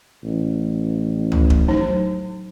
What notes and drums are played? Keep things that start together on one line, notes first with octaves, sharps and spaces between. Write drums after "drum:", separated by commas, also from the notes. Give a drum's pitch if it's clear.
A1
drum: tom C#2
drum: kick D#1
F#3 D#4